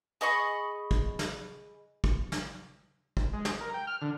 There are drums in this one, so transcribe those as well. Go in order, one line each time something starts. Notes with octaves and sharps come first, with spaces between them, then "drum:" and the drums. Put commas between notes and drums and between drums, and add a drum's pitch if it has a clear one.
G#4 D#5 B5 C#6
drum: kick
drum: snare
drum: kick
drum: snare
drum: kick
G#3
drum: snare
A#4
G5
F6
D3